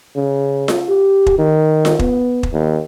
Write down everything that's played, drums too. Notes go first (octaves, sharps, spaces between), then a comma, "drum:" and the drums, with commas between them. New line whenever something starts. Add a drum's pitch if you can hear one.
C#3
drum: snare F4
G4
drum: kick
D#3
drum: snare F4
B3, drum: kick
drum: kick
D#2